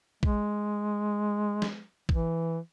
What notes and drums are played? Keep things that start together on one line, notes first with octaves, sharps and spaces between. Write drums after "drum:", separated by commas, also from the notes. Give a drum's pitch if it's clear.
G#3, drum: kick
drum: snare
E3, drum: kick